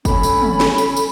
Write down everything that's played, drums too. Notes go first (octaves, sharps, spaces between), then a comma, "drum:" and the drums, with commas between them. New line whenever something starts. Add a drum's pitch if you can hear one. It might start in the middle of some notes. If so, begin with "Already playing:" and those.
C#4 A4 B5, drum: kick, tambourine
drum: tambourine
drum: tom
drum: snare
drum: tambourine
drum: tambourine